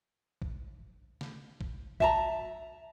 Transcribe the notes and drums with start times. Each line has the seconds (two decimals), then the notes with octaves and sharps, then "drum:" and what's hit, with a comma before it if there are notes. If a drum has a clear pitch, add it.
0.42 drum: kick
1.21 drum: snare
1.61 drum: kick
2.00 E5 A5 A#5, drum: kick